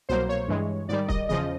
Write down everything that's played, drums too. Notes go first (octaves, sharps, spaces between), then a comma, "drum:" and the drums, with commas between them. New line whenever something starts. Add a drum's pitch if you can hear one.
C2 B2 F#3 A#3 C5
C#5
G2 E3 G#3
G#2 D#3 G3 D5
D#5, drum: kick
E2 C#3 F3 D#5